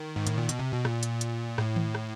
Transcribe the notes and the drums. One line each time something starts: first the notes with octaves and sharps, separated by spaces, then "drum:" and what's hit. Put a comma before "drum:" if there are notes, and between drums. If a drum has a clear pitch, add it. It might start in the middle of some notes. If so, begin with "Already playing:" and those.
Already playing: D#3
G#2
A2, drum: hi-hat
A#2
B2, drum: hi-hat
C3
B2
A#2, drum: rim click
drum: hi-hat
drum: hi-hat
A2, drum: rim click
drum: tom D#3
drum: rim click